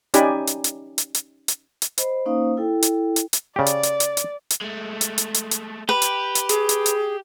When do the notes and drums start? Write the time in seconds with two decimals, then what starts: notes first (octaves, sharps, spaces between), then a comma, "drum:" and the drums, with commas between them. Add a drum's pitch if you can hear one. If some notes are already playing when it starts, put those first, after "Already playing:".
0.14 C#4 D#4 G4 D5 G#5 B5, drum: hi-hat
0.47 drum: hi-hat
0.64 drum: hi-hat
0.98 drum: hi-hat
1.15 drum: hi-hat
1.48 drum: hi-hat
1.82 drum: hi-hat
1.98 C5 D#5 B5, drum: hi-hat
2.26 A#3 C#4 D#4 C5 F5 D#6
2.57 E4 A4 G5
2.82 drum: hi-hat
3.16 drum: hi-hat
3.33 drum: hi-hat
3.56 C#3 G4 D5
3.66 drum: hi-hat
3.83 drum: hi-hat
4.00 drum: hi-hat
4.17 drum: hi-hat
4.50 drum: hi-hat
4.61 G#3 A3
5.01 drum: hi-hat
5.18 drum: hi-hat
5.34 drum: hi-hat
5.51 drum: hi-hat
5.89 G4 B4
6.02 drum: hi-hat
6.35 drum: hi-hat
6.49 G#4, drum: hi-hat
6.69 drum: hi-hat
6.86 drum: hi-hat